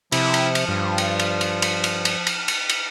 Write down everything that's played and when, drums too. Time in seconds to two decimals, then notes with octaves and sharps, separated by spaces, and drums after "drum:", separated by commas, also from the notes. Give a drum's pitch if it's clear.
0.12 C3 F3 E4, drum: cymbal
0.34 drum: cymbal
0.55 drum: cymbal
0.68 G2 F4
0.98 drum: cymbal
1.19 drum: cymbal
1.41 drum: cymbal
1.62 drum: cymbal
1.84 drum: cymbal
2.05 drum: cymbal
2.27 drum: cymbal
2.48 drum: cymbal
2.69 drum: cymbal